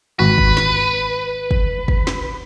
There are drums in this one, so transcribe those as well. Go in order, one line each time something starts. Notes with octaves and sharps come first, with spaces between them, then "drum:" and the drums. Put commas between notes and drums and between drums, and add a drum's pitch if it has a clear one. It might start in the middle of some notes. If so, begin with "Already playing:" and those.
G#1 F#4 B4
drum: kick
drum: snare
drum: kick
drum: kick
drum: snare